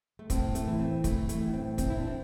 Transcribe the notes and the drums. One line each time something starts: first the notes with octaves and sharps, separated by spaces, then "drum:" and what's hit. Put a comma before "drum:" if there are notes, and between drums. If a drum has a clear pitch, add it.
A3
A2 C4, drum: kick, hi-hat
A3, drum: hi-hat
E3
C4
E3 A3, drum: kick, hi-hat
A3, drum: hi-hat
A2
D4
C4
D3 C4, drum: kick, hi-hat
E4
D4
C4